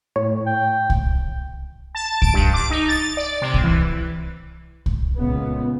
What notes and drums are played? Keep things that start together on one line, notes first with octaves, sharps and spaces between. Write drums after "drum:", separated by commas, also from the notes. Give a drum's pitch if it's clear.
A2 C#5
G5
drum: kick C2
A5
D7, drum: kick C2
G2
D6
D#4
A6
D5
C3
drum: kick C2
E3
drum: kick C2
C#2 A#2 C#3 B3